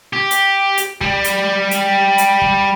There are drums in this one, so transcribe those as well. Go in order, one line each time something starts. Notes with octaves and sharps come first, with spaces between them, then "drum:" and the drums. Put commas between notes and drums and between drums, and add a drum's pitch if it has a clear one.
G4
drum: hi-hat
drum: hi-hat
G3, drum: kick
drum: hi-hat
drum: hi-hat
drum: hi-hat
drum: kick